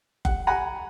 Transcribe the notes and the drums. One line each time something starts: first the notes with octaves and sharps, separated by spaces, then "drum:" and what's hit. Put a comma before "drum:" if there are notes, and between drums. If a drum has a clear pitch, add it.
F#5, drum: kick F#1
F#5 G#5 A#5 B5